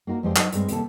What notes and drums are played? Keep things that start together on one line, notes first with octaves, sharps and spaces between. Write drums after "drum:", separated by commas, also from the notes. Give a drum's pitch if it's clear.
A#3 D#4 F#4 A#4
F2 F3 G#3 G4 C5 D5
F#3 D#4 F4 C5 D#5, drum: clap
G2 G#3 C4, drum: hi-hat
D#2 C3 A#3 A4, drum: hi-hat